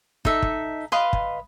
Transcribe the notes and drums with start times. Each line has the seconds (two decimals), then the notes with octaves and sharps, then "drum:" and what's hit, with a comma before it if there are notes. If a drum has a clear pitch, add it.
0.25 D#4 A4 E5, drum: kick
0.42 drum: kick
0.92 B4 D#5 F5 C6
1.13 drum: kick